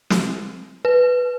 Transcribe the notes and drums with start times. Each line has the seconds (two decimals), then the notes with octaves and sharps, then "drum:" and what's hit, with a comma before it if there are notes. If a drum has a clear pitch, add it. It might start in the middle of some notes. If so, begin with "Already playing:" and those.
0.10 drum: snare
0.85 B4